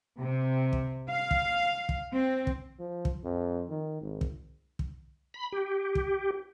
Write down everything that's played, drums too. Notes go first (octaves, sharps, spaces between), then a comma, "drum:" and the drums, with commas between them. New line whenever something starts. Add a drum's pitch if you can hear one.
C3
drum: kick
F5
drum: kick
drum: kick
C4
drum: kick
F3
drum: kick
F2
D#3
G#1
drum: kick
drum: kick
B5
G4
drum: kick